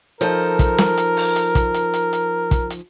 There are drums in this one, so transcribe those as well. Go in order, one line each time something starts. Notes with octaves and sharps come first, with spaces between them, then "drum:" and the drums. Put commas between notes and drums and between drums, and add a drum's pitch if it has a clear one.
F3 D#4 A4 A#4, drum: hi-hat
drum: kick, hi-hat
drum: snare
drum: hi-hat
drum: open hi-hat
drum: hi-hat
drum: kick, hi-hat
drum: hi-hat
drum: hi-hat
drum: hi-hat
drum: kick, hi-hat
drum: hi-hat